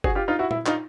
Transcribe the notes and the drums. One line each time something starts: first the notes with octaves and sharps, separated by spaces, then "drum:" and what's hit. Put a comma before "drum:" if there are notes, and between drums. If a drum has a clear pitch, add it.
F#4 G#4, drum: kick F#1
F4 G4
D#4 F4
E4 F#4
E4, drum: tom
D#4 F4, drum: clap